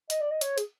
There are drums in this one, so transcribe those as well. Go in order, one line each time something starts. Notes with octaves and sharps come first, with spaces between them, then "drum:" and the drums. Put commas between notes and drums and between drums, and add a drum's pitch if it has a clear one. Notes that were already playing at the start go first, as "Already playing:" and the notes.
D#5, drum: hi-hat
D5
D#5
C#5, drum: hi-hat
G#4, drum: hi-hat